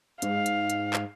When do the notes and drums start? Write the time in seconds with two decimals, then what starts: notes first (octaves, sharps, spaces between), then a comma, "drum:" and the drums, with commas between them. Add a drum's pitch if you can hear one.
0.22 G#2 F5, drum: hi-hat
0.46 drum: hi-hat
0.70 drum: hi-hat
0.93 drum: clap